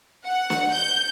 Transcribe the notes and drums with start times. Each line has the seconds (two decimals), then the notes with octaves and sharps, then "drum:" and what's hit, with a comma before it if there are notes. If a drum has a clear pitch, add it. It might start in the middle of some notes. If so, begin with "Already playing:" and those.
0.25 F#5
0.50 drum: snare
0.72 G6